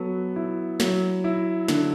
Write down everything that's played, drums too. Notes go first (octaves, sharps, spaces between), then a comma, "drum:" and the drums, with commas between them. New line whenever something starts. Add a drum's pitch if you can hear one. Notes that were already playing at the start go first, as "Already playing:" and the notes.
Already playing: F#3 B3 A4
E4
F#3, drum: snare
E4
D3, drum: snare